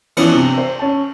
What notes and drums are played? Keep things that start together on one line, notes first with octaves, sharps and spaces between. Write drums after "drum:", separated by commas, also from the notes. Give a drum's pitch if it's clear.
E3 F3 B3 C#4 D4, drum: cymbal
C3
C5
C#4 A5